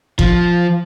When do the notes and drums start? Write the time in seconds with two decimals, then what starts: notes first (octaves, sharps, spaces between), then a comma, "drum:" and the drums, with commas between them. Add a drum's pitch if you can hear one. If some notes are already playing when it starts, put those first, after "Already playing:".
0.19 F3, drum: kick G1